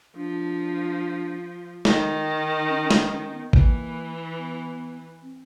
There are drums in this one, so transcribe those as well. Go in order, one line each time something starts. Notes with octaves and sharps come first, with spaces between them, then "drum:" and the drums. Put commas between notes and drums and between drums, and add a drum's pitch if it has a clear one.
F3 D4
D#3 D#4, drum: snare
C#4
D4, drum: snare
C#4
B3
E3 A#3, drum: kick A1
B3
C4